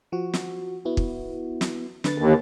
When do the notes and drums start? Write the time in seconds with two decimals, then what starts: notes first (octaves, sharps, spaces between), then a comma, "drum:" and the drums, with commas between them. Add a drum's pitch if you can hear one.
0.12 F3 F#4
0.34 drum: snare
0.85 B3 E4 F#4
0.97 drum: kick
1.61 drum: snare
2.04 D3 B4 A6, drum: snare
2.18 D#2